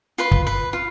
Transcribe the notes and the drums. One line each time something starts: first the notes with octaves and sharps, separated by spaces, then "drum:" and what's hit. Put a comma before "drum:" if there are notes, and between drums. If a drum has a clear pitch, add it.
F4 B4 C6
drum: kick
B4
F4